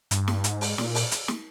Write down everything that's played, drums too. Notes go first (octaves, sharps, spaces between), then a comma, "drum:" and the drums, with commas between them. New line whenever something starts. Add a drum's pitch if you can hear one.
G2, drum: hi-hat
drum: snare
G#2, drum: hi-hat
drum: open hi-hat
A#2, drum: snare
drum: open hi-hat
drum: hi-hat
drum: snare